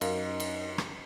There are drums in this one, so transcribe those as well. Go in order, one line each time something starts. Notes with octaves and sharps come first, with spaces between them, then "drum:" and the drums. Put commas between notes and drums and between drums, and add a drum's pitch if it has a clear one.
F#2 D#4 A#4 F5, drum: cymbal
drum: cymbal
drum: rim click